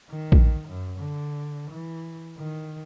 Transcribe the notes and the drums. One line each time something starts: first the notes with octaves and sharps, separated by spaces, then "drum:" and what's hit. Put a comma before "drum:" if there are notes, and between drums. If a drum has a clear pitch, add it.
D#3
drum: kick A#1
F#2
D3
E3
D#3